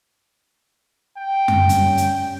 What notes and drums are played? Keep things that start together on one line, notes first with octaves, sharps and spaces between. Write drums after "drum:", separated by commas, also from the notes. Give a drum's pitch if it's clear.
G5
drum: tom F#2
G3 C#4, drum: hi-hat
drum: hi-hat